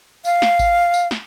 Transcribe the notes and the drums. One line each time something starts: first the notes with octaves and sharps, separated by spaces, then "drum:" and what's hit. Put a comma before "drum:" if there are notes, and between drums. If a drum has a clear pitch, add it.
F5, drum: tambourine
drum: snare
drum: kick G#1, tambourine
drum: tambourine
drum: snare